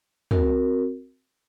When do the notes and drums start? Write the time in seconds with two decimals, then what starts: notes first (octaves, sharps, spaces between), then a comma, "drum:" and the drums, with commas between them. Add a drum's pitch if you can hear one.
0.31 C4 F#4 A#4, drum: tom